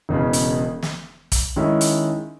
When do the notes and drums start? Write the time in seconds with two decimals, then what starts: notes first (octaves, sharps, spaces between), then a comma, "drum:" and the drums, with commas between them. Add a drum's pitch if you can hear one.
0.09 E1 E2 C#3
0.33 drum: hi-hat
0.83 drum: snare
1.32 drum: kick, hi-hat
1.56 D#3 G#3 C#4 E4
1.81 drum: hi-hat